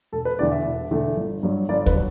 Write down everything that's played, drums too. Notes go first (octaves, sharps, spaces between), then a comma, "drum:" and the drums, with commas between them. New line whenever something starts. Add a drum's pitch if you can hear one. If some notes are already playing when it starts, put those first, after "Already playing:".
E1 A4
B4
E2 D3 A3 D5
E5
E1
E2 D3 A3
G1
G2 F#3
G1 D5
B4, drum: kick
F#3